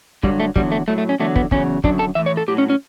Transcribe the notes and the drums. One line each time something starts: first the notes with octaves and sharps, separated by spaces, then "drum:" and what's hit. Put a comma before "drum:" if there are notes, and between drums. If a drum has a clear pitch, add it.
G2 D3 F#3 G3, drum: kick
A3
E2 D3 F#3 G3, drum: kick
A3
A2 F#3 A3
A3
C#4
E2 D3 F#3 A3
B3, drum: kick
E2 C#3 F#3 C#4, drum: kick
F#2 D3 F#3 D4, drum: kick
A4
A2 E3 E5
C#5
A4
A2 F#3 G4
C#4
C#4